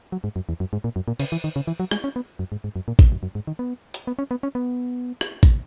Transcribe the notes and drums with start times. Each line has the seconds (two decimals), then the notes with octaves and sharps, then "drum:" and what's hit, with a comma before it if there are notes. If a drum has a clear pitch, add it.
0.12 F#3
0.24 G#2
0.36 F#2
0.49 E2
0.60 F#2
0.73 G#2
0.84 A#2
0.96 F#2
1.08 A#2
1.20 C#3, drum: cymbal
1.32 E3
1.44 D#3
1.56 C#3
1.67 E3
1.80 F#3
1.91 G#3, drum: rim click
2.04 C#4
2.16 B3
2.39 F#2
2.52 G#2
2.64 G#2
2.76 F#2
2.88 A#2
2.99 G#2, drum: kick A1
3.12 F#2
3.23 F#2
3.35 G#2
3.47 D#3
3.59 B3
3.94 drum: hi-hat
4.07 B3
4.19 C#4
4.31 B3
4.43 C#4
4.55 B3
5.21 drum: rim click
5.43 drum: kick A1